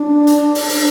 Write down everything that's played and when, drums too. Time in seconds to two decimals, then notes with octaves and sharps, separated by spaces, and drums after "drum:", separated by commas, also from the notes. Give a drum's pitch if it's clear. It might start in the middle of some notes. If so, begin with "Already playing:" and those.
Already playing: D4
0.27 drum: hi-hat
0.55 drum: open hi-hat
0.69 drum: open hi-hat